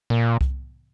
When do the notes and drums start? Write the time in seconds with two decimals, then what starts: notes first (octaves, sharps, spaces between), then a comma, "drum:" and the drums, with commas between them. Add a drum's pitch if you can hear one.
0.10 A#2
0.41 drum: kick C2